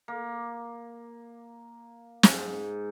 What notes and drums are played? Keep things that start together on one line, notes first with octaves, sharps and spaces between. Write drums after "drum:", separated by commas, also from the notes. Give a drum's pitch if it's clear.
A#3
G#2, drum: snare